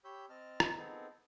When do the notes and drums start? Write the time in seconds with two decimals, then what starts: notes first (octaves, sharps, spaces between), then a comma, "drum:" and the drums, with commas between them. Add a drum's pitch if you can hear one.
0.05 G4 C#5 B5 E6 G6
0.29 C4 D#5 A5 F6
0.60 drum: rim click
0.78 B3 C4 D#4 G#4 A4